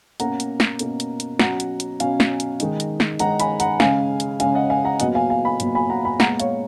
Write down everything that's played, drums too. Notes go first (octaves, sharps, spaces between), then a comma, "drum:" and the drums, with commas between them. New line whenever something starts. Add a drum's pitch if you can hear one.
B2 A#3 C#4 F#5 A#5, drum: hi-hat
drum: hi-hat
drum: snare
B2 A#3 C#4, drum: hi-hat
drum: hi-hat
drum: hi-hat
B2 F#3 C#4 F#5 A#5, drum: snare
drum: hi-hat
drum: hi-hat
B2 F#3 C#4 F5 G#5, drum: hi-hat
drum: snare
drum: hi-hat
D#3 G#3 D#4, drum: hi-hat
drum: hi-hat
drum: snare
D#3 G#3 D#4 F#5 A#5, drum: hi-hat
G#5 B5, drum: hi-hat
F#5 A#5, drum: hi-hat
C#3 G#3 C#4 F5 G#5, drum: snare
drum: hi-hat
C#3 G#3 C#4 F5 G#5, drum: hi-hat
D#5 F#5
F5 G#5
F#5 A#5
A#2 F#3 B3 D#5 F#5, drum: hi-hat
F5 G#5
F5 G#5
G#5 B5
A#2 F#3 B3, drum: hi-hat
G#5 B5
F#5 A#5
G#5 B5
A#2 G#3 B3 F#5 A#5, drum: snare
C#5 F5, drum: hi-hat